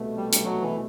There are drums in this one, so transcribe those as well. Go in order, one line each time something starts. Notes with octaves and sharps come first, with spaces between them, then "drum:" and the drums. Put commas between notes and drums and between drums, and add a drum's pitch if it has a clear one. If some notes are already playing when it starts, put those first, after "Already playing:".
Already playing: C2 B2 A3 E4
G3
G3, drum: hi-hat
F#3
E3